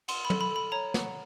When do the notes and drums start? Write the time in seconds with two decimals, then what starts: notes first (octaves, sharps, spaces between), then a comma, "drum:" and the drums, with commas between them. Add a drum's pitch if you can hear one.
0.08 F#5 C6, drum: cymbal
0.25 B5
0.30 A4, drum: tom
0.41 B5
0.51 A4
0.56 B5
0.72 C#5 A#5
0.94 F#5, drum: snare